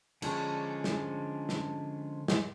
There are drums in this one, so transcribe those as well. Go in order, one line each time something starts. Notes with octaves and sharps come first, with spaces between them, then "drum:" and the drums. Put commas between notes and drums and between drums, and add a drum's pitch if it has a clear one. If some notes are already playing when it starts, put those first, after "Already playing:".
D3 F3 G#3 C#4 D4, drum: cymbal
drum: snare
drum: snare
drum: snare